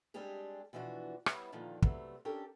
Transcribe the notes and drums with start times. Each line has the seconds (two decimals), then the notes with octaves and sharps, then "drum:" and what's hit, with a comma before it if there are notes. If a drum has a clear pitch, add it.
0.14 G3 G#3 C4 D4 G4 G#4
0.73 B2 E3 F3 D4 F#4
1.26 G3 B3 E4 C#5, drum: rim click
1.52 A#2 D3 D#3 F3
1.82 C3 F#3 G3 A3 B3 C4, drum: kick
2.25 C#4 D4 G4 A4 A#4